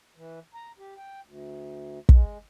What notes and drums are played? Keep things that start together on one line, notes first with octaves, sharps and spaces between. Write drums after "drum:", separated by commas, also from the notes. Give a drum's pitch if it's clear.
E3
A#5
G4
G5
D2
G#3, drum: kick